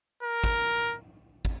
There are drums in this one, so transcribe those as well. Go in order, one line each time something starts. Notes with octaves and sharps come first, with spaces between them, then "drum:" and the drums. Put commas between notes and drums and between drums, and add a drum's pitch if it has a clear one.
A#4
drum: kick
drum: kick